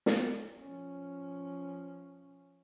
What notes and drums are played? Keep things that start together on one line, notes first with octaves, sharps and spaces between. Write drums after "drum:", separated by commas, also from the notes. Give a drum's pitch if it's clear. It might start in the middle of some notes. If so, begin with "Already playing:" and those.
drum: snare
F3 C#4